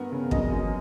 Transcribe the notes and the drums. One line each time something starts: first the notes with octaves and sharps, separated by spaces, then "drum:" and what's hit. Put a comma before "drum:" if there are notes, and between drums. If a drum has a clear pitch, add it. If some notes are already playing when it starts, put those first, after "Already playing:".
Already playing: G2 B3 A#4
C#3
F#2 D#5, drum: kick
F#2